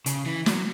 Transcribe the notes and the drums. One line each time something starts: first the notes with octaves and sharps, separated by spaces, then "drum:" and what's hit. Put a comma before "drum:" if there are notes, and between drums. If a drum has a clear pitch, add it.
C#3, drum: hi-hat
E3
F#3, drum: snare